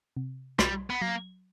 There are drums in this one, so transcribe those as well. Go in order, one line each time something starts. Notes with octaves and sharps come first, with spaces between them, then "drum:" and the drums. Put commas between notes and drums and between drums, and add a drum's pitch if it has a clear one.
C3
B1 G3, drum: rim click
B3
F#3 A#3